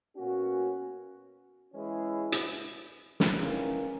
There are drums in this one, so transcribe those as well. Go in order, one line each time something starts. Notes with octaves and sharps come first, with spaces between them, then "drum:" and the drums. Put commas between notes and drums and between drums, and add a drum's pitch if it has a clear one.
B2 A#3 C#4 F#4
E3 G#3 C#4 E4 G#4
drum: hi-hat
drum: snare
E2 D#3 A#3 C#4